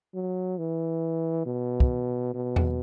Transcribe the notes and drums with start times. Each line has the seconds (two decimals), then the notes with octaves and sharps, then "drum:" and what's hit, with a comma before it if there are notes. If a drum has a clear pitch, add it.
0.14 F#3
0.58 E3
1.46 B2
1.80 drum: kick
2.34 B2
2.56 drum: tom E2